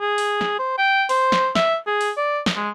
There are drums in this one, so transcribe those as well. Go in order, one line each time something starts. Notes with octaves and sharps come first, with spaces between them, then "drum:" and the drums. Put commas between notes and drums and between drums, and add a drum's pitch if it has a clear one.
G#4
drum: open hi-hat
drum: snare
C5
G5
C5, drum: open hi-hat
drum: snare
E5, drum: snare
G#4
drum: open hi-hat
D5
drum: snare
G#3